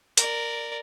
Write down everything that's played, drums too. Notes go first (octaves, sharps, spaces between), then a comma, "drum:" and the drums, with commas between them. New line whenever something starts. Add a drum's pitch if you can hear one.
A#4 D5, drum: hi-hat